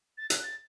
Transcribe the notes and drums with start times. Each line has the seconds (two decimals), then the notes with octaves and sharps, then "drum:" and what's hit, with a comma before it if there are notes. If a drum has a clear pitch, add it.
0.18 A6
0.30 F#6, drum: hi-hat
0.44 A6